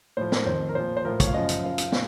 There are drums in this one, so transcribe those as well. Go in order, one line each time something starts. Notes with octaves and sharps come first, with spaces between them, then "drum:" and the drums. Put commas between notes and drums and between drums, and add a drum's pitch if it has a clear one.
A2 F3 C5
A#4, drum: snare
F2 D#3 C5
A#4
A#2 F3 C5
C5
A2 F3 A#4
C#5, drum: kick, hi-hat
F5
F#2 C#3 F3 D#5
drum: hi-hat
F#2 F3 F5
drum: hi-hat
A#2, drum: snare